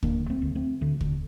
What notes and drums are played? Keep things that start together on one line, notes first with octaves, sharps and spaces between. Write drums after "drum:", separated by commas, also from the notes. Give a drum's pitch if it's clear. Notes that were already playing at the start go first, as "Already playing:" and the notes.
D2 A#3 D4, drum: kick
A3 C4
D2
A3 C4
D2 D3
D3, drum: kick